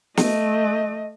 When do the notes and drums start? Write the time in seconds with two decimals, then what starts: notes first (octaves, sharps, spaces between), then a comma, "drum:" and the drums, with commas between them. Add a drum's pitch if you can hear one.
0.17 A3 D#5, drum: snare